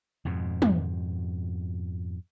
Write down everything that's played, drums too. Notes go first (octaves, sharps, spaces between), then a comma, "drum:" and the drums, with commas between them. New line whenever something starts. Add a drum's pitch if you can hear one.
F2 G#2 B2
drum: tom